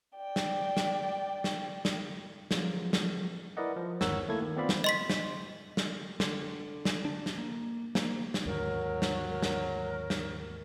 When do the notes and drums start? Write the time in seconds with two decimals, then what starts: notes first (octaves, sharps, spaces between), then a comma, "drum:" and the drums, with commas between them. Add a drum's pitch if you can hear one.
0.15 D5 G5
0.36 drum: snare
0.77 drum: snare
1.44 drum: snare
1.85 drum: snare
2.51 F3 F#3 G#3 B3 C#4, drum: snare
2.93 drum: snare
3.57 E4 A#4 B4 D5 D#5 F#5
3.76 F3
4.01 G1 D#2 A#4 C#5 F#5 E6, drum: snare
4.29 A3 A#3 E4 A4 G#6
4.42 D#3
4.56 B3 C4 F4 D5 F5 B5
4.69 drum: snare
4.84 D#5 C6 B6
5.10 drum: snare
5.77 drum: snare
6.20 D3, drum: snare
6.85 drum: snare
7.05 D4
7.26 drum: snare
7.38 A#3
7.95 A#3, drum: snare
8.34 drum: snare
8.46 D#2 G#2 D3 F#3 A#4
9.02 drum: snare
9.30 A#4
9.42 drum: snare
10.10 drum: snare